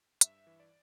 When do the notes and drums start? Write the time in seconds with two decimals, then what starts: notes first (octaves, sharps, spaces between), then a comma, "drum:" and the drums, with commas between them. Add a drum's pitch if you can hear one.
0.21 G2 E5, drum: hi-hat
0.47 E3
0.60 D5